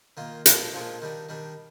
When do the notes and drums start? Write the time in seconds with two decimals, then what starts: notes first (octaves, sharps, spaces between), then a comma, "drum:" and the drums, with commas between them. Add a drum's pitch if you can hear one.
0.17 D#3 A#3 F4
0.46 A#2 F3 G#3 D4 F4, drum: hi-hat
0.74 A#2 F3 G#3 D4 F4
1.02 D#3 G3 D4
1.29 D#3 G3 D4